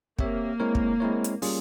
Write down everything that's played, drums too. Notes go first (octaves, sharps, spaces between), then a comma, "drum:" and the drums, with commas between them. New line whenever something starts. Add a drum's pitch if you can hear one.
A#3 C4 G4 C#5 E5, drum: kick
G#3 C4 E4 A#4 C#5
drum: kick
G#3 C4 E4 A#4 C#5
drum: hi-hat
G3 A#3 C#4 F4 G#4, drum: open hi-hat